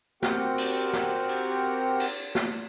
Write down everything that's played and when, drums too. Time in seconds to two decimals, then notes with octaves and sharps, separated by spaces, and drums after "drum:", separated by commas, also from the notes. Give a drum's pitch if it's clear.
0.23 C4 F#4 G4 A#4 F#5 G5, drum: snare
0.58 drum: cymbal
0.93 drum: snare
1.29 drum: cymbal
2.00 drum: cymbal
2.35 drum: snare